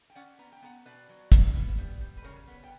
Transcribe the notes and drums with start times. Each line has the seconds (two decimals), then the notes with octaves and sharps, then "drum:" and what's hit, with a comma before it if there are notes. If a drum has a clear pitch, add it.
0.10 G5
0.16 C#4 D5 F#5
0.39 B3 A#5
0.52 G5
0.63 B3 F#5 A#5
0.86 B2 B4 D5
1.09 F#3
1.32 A#2, drum: kick, hi-hat
1.55 B3
1.78 G3
2.01 G3
2.17 B4
2.24 C#3 A#4 C#5
2.47 B3
2.64 G5